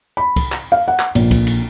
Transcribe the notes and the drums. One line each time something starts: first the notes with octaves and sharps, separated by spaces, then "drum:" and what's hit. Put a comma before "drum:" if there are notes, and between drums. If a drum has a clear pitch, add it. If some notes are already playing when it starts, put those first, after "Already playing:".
B5
drum: kick C2, cymbal
drum: clap
F5
F#5
drum: clap
A#1, drum: cymbal
drum: kick C2, cymbal
drum: cymbal